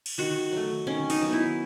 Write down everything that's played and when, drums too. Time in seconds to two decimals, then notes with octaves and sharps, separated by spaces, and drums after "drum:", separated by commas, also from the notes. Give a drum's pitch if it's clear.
0.06 drum: cymbal
0.18 D#3 F#4
0.52 F#3 A3
0.87 D#3 C#4
1.10 D#4, drum: open hi-hat
1.21 F#3 B3
1.33 E4